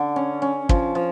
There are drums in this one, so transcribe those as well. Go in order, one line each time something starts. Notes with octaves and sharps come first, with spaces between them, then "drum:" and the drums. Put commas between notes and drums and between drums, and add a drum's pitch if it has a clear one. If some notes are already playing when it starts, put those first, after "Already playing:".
Already playing: D3
C#4
C#4
F3, drum: kick
F3